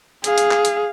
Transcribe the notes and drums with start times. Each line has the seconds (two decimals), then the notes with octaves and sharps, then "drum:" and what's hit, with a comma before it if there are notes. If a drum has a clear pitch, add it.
0.24 G#4 F5, drum: hi-hat
0.38 drum: hi-hat
0.51 drum: clap
0.65 drum: hi-hat